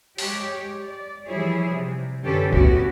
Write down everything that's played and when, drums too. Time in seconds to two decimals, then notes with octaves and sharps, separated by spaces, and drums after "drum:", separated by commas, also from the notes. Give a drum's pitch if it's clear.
0.18 G#3 G4 C#5, drum: open hi-hat
0.83 D5
1.25 E3 F3 G3 E4 G#4 C#5
1.69 C3
2.23 F#2 D3 C#4 G4 A4 B4
2.53 A3 B3 C#4 E4 F#4 G4, drum: kick C2